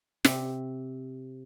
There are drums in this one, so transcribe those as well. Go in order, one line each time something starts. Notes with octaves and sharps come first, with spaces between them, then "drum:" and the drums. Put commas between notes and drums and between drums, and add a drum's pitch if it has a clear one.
C3, drum: snare